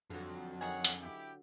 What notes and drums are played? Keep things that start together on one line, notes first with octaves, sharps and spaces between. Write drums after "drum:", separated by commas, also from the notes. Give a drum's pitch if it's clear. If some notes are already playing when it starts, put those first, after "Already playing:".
F2 D3 F#3
D#3 G#4 C#5 F#5
drum: hi-hat
E4 G4